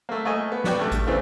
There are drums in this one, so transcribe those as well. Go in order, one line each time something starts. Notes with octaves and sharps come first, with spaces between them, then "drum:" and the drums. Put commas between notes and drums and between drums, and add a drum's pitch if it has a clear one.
A3 A#3
A3 A#3 D#5 G#5
B3
B3 F#4 D5 G5, drum: snare
G2 A3
drum: kick A1, hi-hat
C#3 E3 A3 C4 D4